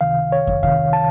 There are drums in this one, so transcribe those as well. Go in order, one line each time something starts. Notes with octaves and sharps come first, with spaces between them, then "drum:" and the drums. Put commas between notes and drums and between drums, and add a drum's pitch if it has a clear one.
C#2 C3 D#3 F5
C#5
drum: kick
C#2 C3 D#3 F5, drum: kick
A5